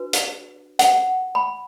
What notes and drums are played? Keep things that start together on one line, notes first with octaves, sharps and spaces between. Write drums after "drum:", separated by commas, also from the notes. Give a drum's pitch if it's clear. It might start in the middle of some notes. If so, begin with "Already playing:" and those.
Already playing: D4 F#4 B4
drum: hi-hat
F#5, drum: hi-hat
B5